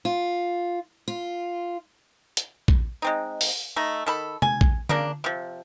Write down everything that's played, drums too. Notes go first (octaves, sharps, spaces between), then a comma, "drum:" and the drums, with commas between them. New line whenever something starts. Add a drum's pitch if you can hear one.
F4
F4
drum: hi-hat
drum: kick
G#3 C4 D#4
drum: open hi-hat
A3 D#4
D#3 A4 B5
G#5, drum: tom C3
drum: kick
C#3 A#3 D4, drum: tom D3
C3 F3